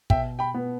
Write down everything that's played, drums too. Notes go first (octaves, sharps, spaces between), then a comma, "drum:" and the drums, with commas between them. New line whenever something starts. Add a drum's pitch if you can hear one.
B2 E5 G5, drum: kick
G5 B5
B3